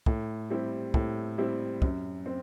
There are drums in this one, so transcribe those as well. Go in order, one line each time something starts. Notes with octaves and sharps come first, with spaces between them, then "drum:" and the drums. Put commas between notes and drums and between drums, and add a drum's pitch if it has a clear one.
A2, drum: kick
G3 C4 E4 G4
A2, drum: kick
G3 C4 E4 G4
F#2, drum: kick
C4